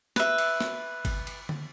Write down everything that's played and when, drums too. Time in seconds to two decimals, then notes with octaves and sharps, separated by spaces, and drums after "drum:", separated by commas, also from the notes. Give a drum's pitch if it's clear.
0.16 B4 E5, drum: snare
0.38 drum: cymbal
0.60 drum: snare
1.05 drum: kick, cymbal
1.27 drum: cymbal
1.49 drum: tom D3